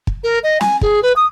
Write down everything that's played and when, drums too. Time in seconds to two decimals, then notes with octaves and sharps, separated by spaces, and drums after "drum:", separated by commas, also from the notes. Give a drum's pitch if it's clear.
0.07 drum: kick
0.23 A#4
0.43 D#5
0.61 G#5, drum: snare
0.81 G#4, drum: kick
1.02 B4
1.16 D#6